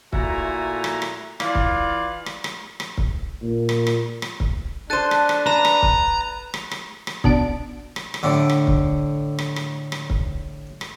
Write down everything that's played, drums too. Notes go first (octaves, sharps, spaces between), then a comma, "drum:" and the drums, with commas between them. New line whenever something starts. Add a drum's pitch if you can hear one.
A#2 A3 E4 F#4 G#5 A#5, drum: kick C#1
drum: rim click
drum: rim click
E3 F4 D5 F5, drum: rim click
drum: kick C#1
drum: rim click
drum: rim click
drum: rim click
drum: kick C#1
A#2
drum: rim click
drum: rim click
drum: rim click
drum: kick C#1
D4 A4 C5 F#6 A6 D#7
drum: rim click
drum: rim click
B4 A#5 E7
drum: rim click
drum: kick C#1
drum: rim click
drum: rim click
drum: rim click
B2 D4 D7, drum: kick C#1
drum: rim click
drum: rim click
A2 D3
drum: rim click
drum: kick C#1
drum: rim click
drum: rim click
drum: rim click
drum: kick C#1
drum: rim click